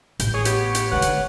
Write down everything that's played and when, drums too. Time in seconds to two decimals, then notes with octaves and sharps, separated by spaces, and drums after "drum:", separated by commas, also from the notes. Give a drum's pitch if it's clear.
0.20 A1 G6, drum: hi-hat
0.34 G#4 C#5
0.45 B3 G4, drum: hi-hat
0.75 drum: hi-hat
0.92 D3 G#3 D4 B4 F#5
1.02 drum: hi-hat